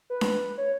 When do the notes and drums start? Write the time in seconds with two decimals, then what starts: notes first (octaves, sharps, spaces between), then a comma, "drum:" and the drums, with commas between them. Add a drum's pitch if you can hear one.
0.10 B4
0.21 drum: snare D4
0.58 C#5